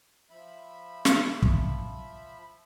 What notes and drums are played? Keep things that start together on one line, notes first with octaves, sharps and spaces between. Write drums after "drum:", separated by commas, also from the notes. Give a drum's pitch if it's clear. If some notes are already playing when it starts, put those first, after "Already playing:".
F3 E5 B5
drum: snare
drum: kick